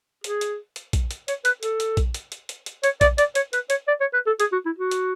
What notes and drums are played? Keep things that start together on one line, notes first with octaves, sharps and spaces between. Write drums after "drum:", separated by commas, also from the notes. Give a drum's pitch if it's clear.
G#4, drum: hi-hat
drum: hi-hat
drum: hi-hat
drum: kick A#1, hi-hat
drum: hi-hat
C#5, drum: hi-hat
B4, drum: hi-hat
A4, drum: hi-hat
drum: hi-hat
drum: kick A#1, hi-hat
drum: hi-hat
drum: hi-hat
drum: hi-hat
drum: hi-hat
C#5, drum: hi-hat
D5, drum: kick A#1, hi-hat
D5, drum: hi-hat
C#5, drum: hi-hat
B4, drum: hi-hat
C#5, drum: hi-hat
D5
C#5
B4
A4
G#4, drum: hi-hat
F#4
E4
F#4
drum: hi-hat